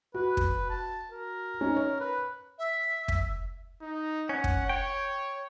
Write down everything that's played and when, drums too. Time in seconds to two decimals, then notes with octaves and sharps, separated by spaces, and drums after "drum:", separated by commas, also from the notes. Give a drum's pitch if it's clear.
0.14 F#4 B4
0.37 drum: kick
0.70 A5
1.11 A#4
1.61 C#4 D#4
1.77 C#5
2.00 B4
2.58 E5
3.08 drum: kick
3.82 D#4
4.29 C#4 F#5
4.44 drum: kick
4.69 C#5 G5